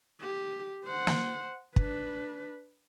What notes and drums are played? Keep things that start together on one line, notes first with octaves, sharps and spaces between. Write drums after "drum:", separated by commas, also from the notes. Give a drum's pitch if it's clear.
G4
C5 F#5
drum: snare
D4 B4, drum: kick